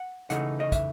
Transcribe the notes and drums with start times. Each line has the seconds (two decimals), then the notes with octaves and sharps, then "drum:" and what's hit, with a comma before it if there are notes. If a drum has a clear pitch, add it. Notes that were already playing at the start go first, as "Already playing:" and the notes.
Already playing: F#5
0.30 C#3 E3 A3 D#4 F#5, drum: hi-hat
0.60 D#5
0.72 E5, drum: kick, hi-hat